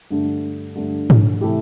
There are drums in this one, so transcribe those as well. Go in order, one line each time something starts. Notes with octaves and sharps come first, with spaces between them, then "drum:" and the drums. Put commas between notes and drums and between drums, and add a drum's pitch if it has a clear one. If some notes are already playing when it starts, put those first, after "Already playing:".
G2 D3 A3
G2 D3 A3
drum: tom G#2
C3 E3 A3 E4 G4